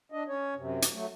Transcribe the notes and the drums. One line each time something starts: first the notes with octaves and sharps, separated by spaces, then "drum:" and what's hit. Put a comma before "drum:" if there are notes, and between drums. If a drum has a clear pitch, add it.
D4 D#5
C#4 C#5
F#2 C3
drum: hi-hat
F#3 A3